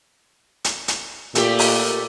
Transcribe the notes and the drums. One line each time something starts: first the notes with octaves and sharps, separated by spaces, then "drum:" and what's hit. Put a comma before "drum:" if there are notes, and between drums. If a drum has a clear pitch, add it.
drum: hi-hat
drum: hi-hat
A#2 A3 G4, drum: hi-hat
drum: open hi-hat